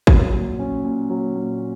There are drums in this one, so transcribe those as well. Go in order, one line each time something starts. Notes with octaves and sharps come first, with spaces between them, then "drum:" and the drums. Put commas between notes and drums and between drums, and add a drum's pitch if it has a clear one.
F#3, drum: kick
A#2
C#4
A#2
F#3
A#2